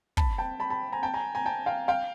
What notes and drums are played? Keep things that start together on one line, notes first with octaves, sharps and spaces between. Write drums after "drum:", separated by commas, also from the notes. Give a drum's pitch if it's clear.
A5 B5, drum: kick
G5 A5
A5 B5
A5 B5
G#5 A#5
G5 A5
G#5 A#5
G#5 A#5
G5 A5
F5 G5
F5 G5